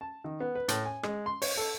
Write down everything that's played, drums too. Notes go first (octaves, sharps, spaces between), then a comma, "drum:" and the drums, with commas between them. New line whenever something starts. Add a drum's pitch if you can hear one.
A5
D#3
B3
B4
A2, drum: hi-hat
G#5
G#3, drum: rim click
C6
C#5, drum: open hi-hat
A4